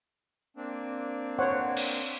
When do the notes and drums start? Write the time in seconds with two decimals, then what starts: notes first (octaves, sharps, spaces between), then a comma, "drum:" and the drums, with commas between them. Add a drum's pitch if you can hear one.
0.57 A#3 C4 D4
1.39 C5 C#5 F#5
1.77 drum: cymbal